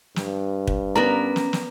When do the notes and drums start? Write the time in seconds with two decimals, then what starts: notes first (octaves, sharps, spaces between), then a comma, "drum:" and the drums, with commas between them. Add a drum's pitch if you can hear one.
0.16 G2, drum: snare
0.67 drum: kick
0.96 B3 C#4 A#4 D5 A#5
1.36 drum: snare
1.53 drum: snare